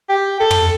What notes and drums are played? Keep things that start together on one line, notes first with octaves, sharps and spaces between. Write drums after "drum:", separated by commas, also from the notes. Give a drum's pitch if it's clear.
G4
A4
drum: tom